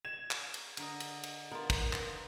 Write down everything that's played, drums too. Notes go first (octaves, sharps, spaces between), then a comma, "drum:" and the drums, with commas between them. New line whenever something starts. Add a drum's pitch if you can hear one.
G#6 E7
drum: clap
drum: cymbal
D3 A#4 D#5, drum: cymbal
drum: cymbal
drum: cymbal
B3 F4 A#4
drum: kick, cymbal
drum: clap